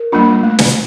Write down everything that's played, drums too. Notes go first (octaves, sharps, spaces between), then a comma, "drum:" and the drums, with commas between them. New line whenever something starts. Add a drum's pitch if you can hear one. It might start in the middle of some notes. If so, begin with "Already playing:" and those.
Already playing: A#4
G3 A#3 D4 F4
A3
drum: snare